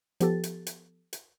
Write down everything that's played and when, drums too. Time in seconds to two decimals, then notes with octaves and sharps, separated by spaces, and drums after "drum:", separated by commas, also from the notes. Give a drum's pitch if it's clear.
0.20 F3 B3 G4 A4 A6, drum: hi-hat
0.43 drum: hi-hat
0.67 drum: hi-hat
1.13 drum: hi-hat